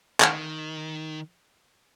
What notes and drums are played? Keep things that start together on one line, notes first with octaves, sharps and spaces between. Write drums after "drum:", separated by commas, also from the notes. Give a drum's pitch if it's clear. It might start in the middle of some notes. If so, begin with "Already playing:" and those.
D#3, drum: clap